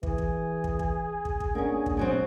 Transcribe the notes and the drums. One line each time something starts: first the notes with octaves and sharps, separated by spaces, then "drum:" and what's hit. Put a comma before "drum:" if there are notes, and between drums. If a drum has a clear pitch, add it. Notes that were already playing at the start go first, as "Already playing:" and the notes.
E3 G#4, drum: kick
drum: kick
drum: kick
drum: kick
drum: kick
drum: kick
D3 A#3 C#4
drum: kick
B2 F#3 C4